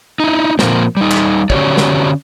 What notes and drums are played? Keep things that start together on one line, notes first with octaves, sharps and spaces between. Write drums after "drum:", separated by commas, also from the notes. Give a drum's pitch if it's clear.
D#4 E4
A#2 F3 A#3 C4, drum: snare
G3 D#4
drum: clap
D3 C#4 F#4 G4 C#5 D5, drum: kick
drum: snare